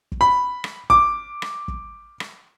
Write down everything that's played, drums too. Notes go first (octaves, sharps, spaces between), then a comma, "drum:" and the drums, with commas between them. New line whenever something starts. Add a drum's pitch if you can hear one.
drum: kick
B5
drum: rim click
D6, drum: kick
drum: rim click
drum: kick
drum: rim click